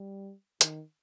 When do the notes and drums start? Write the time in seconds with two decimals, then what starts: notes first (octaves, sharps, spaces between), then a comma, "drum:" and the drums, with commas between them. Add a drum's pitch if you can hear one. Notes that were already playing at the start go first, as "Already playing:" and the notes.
Already playing: G3
0.61 D#3, drum: hi-hat